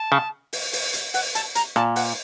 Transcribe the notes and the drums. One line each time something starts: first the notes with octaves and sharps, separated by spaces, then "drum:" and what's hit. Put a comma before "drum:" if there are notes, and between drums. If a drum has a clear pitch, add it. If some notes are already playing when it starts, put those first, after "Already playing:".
Already playing: A5
C#3
drum: open hi-hat
drum: open hi-hat
drum: hi-hat
F#5, drum: open hi-hat
A5, drum: hi-hat
A#5, drum: hi-hat
A#2 A5, drum: rim click
F#5, drum: open hi-hat